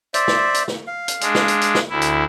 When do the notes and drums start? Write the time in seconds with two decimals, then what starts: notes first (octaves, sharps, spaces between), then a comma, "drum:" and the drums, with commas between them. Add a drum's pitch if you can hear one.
0.14 C5 D5 E5, drum: hi-hat
0.28 drum: snare
0.54 drum: hi-hat
0.68 drum: snare
0.87 F5
1.08 drum: hi-hat
1.21 G#3 D4, drum: hi-hat
1.35 drum: snare
1.48 drum: hi-hat
1.61 drum: hi-hat
1.75 drum: snare
1.89 D2 E4
2.02 drum: hi-hat